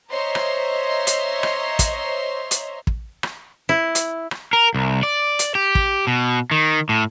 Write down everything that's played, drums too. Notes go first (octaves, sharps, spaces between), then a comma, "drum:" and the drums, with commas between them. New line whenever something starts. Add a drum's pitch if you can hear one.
C5 C#5 D#5 E5 A#5 C6
drum: rim click
drum: hi-hat
drum: rim click
drum: kick, hi-hat
drum: hi-hat
drum: kick
drum: rim click
E4
drum: hi-hat
drum: rim click
A#4
C2
D5
drum: hi-hat
G4
drum: kick
B2
D#3
A2